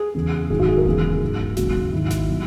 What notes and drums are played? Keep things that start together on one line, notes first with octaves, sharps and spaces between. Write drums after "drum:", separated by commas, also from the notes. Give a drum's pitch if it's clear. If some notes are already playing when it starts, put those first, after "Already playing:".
Already playing: G#4
E2 C#3 E3
G#2 D#3 F#3 G#4, drum: kick D#1
F#4
G#4
A#4
E2 C#3 E3 G#4, drum: kick D#1
G#2 F#3
drum: kick D#1
D#2 C#3 F#3 F#4, drum: snare G#1
G#2 D#3 F#3 E4
drum: snare G#1
B2 F#3